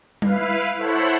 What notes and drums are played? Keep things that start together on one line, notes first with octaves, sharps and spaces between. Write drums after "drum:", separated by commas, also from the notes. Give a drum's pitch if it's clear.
E4 B4 F5, drum: tom G3
E4 A4 C5 C#5 F#5 B5